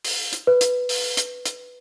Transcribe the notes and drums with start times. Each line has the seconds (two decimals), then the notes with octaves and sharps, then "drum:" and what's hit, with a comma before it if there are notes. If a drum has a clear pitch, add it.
0.05 drum: open hi-hat
0.33 drum: hi-hat
0.47 B4
0.61 drum: hi-hat
0.89 drum: open hi-hat
1.17 drum: hi-hat
1.46 drum: hi-hat